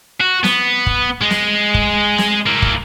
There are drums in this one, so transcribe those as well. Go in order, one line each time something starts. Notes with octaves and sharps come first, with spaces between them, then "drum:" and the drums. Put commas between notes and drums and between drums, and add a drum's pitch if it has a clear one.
F#4
B3, drum: snare
drum: kick
G#3
drum: snare
drum: kick
drum: snare
A#3 E4
drum: kick